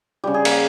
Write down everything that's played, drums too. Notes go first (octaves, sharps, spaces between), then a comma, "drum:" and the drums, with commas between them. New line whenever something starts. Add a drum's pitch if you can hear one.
C#3 G3 G4
G#4
A#3, drum: cymbal